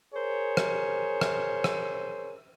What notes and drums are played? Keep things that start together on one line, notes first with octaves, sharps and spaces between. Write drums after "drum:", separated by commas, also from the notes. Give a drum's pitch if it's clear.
G#4 A#4 C5 C#5
drum: rim click
drum: rim click
drum: rim click